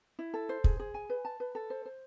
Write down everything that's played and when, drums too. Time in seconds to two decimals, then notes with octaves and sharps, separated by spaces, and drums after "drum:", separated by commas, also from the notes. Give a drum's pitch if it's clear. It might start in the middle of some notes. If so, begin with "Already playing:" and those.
0.19 E4
0.34 A4
0.49 C5
0.64 G#4, drum: kick
0.80 G#4
0.94 G#5
1.10 B4
1.25 A5
1.40 B4
1.55 A4
1.70 C5
1.85 C5